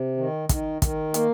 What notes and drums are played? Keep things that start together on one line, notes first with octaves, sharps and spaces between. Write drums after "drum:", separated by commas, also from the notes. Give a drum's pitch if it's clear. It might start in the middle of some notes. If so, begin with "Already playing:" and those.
Already playing: C3
D#3
D#3, drum: kick, hi-hat
D#3, drum: kick, hi-hat
A#3, drum: hi-hat